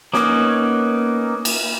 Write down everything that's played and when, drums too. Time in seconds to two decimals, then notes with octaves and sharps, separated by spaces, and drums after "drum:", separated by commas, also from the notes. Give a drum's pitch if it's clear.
0.13 A#3 B3 C#4 D#4, drum: snare
1.45 drum: cymbal